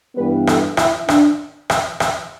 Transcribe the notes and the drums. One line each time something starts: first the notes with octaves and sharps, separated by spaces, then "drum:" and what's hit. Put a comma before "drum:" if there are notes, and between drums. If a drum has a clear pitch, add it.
G2 E3 G3 B3 B4
A4, drum: rim click
E4, drum: rim click
D4, drum: rim click
drum: rim click
drum: rim click